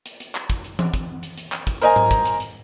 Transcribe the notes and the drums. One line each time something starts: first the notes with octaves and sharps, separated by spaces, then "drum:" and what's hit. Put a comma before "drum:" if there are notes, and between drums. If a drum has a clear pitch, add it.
drum: hi-hat
drum: hi-hat
drum: clap
drum: kick, hi-hat
drum: hi-hat
drum: tom E3
drum: kick, hi-hat
drum: hi-hat
drum: hi-hat
drum: clap
drum: kick, hi-hat
A#4 C5 D#5 G#5 A#5, drum: hi-hat
drum: tom G#2
drum: kick, hi-hat
drum: hi-hat
drum: hi-hat